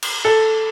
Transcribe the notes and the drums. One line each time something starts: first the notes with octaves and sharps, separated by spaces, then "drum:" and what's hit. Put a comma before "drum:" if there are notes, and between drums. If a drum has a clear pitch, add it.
drum: cymbal
A4